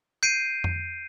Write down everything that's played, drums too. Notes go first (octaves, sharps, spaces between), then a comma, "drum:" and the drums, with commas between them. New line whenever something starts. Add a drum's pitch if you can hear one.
G6 C7 D7 D#7
drum: tom F2